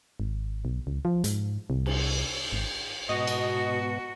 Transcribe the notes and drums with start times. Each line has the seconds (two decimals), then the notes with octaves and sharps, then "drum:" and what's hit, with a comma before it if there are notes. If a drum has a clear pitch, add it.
0.20 G#1
0.65 B1
0.87 C#2
1.05 F3
1.24 G#2, drum: hi-hat
1.70 C2
1.86 drum: cymbal
2.52 G#1
3.09 G#2 B2 B3 F#4 D#5
3.27 drum: cymbal